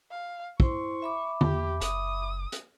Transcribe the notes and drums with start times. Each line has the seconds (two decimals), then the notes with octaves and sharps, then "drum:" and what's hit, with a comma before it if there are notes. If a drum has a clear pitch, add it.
0.11 F5
0.60 E4 C5 C6 C#6, drum: kick
1.02 E5 B5 D6
1.41 E2 G4, drum: tom D3
1.81 F#1 D#6, drum: hi-hat
2.52 drum: hi-hat